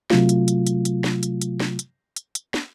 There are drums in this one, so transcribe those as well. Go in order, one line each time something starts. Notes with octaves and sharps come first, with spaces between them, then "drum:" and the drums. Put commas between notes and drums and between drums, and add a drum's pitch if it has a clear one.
C3 F#3 A3 F4, drum: snare
drum: hi-hat
drum: hi-hat
drum: hi-hat
drum: hi-hat
drum: snare
drum: hi-hat
drum: hi-hat
drum: snare
drum: hi-hat
drum: hi-hat
drum: hi-hat
drum: snare